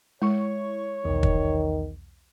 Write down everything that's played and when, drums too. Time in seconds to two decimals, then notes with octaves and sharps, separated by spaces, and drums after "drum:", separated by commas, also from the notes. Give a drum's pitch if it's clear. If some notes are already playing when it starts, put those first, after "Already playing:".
0.22 G#3 E4 C#5 C#6
1.05 B1 E2 D#3
1.23 drum: kick